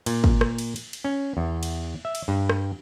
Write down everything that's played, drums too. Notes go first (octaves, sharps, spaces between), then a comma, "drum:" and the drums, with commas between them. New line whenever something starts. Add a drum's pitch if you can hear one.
A#2, drum: cymbal
drum: kick
drum: rim click
drum: cymbal
drum: cymbal
drum: cymbal
C#4
E2
drum: cymbal
E5
drum: cymbal
G2
drum: rim click